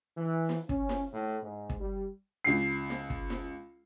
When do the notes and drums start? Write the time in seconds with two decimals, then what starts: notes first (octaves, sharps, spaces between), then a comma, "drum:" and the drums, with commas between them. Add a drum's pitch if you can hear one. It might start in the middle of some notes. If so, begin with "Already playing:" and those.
0.17 E3
0.49 drum: snare
0.69 C#4, drum: kick
0.89 drum: snare
1.12 A2
1.42 G#2
1.70 drum: kick
1.79 G3
2.44 C#2 C7
2.90 drum: snare
3.10 drum: kick
3.30 drum: snare